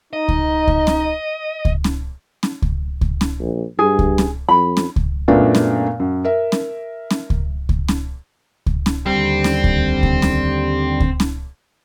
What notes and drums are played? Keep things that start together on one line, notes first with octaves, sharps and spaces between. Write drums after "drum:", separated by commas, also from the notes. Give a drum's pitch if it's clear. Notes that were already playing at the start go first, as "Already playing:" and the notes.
D#4 D#5
drum: kick C#2
drum: kick C#2
drum: snare C#4
drum: kick C#2
drum: snare C#4
drum: snare C#4
drum: kick C#2
drum: kick C#2
drum: snare C#4
A#1
G2 G#4
drum: kick C#2
drum: snare C#4
F2 B5
drum: snare C#4
drum: kick C#2
F#2 A#2 A3 B3 D4
drum: snare C#4
F#2
A#4 E5
drum: snare C#4
drum: snare C#4
drum: kick C#2
drum: kick C#2
drum: snare C#4
drum: kick C#2
drum: snare C#4
D#2 D3 G3 C4
drum: snare C#4
drum: kick C#2
drum: kick C#2
drum: snare C#4
drum: kick C#2
drum: snare C#4